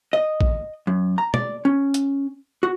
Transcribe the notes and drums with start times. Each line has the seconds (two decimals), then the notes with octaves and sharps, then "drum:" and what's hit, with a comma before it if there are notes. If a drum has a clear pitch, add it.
0.13 D#5
0.41 drum: kick
0.87 F#2
1.18 A#5
1.34 D5, drum: tom
1.65 C#4
1.94 drum: hi-hat
2.63 F#4